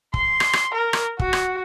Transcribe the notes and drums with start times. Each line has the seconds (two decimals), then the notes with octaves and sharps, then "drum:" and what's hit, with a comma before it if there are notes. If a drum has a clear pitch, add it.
0.14 C6, drum: kick
0.40 drum: rim click
0.53 drum: rim click
0.75 A#4
0.93 drum: rim click
1.19 F#4, drum: kick
1.33 drum: rim click